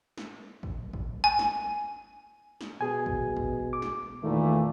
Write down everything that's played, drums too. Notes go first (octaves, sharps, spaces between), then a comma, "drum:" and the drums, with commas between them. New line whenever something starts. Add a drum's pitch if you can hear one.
drum: snare
drum: kick
drum: kick
G#5
drum: snare
drum: snare
B2 G#4 G#5
drum: kick
drum: kick
D6
drum: snare
E2 A#2 D#3 A3